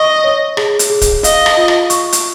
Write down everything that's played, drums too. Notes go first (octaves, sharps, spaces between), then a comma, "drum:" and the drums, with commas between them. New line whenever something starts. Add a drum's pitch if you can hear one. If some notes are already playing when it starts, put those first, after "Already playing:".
Already playing: D#5 C#6
C#5
G#4, drum: rim click
drum: hi-hat
G#4
drum: kick D1, hi-hat
D#5 F5, drum: hi-hat
drum: rim click
F4
drum: rim click
C#6, drum: hi-hat
drum: hi-hat